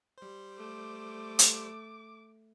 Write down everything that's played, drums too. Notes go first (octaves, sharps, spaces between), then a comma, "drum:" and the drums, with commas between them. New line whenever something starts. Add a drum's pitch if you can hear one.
G3 C5
A3 D6
drum: hi-hat